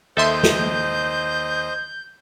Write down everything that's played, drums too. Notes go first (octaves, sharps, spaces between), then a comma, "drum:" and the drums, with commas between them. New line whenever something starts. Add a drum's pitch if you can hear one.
D#2 A4 C5 D#5 E5 C6 G6
drum: snare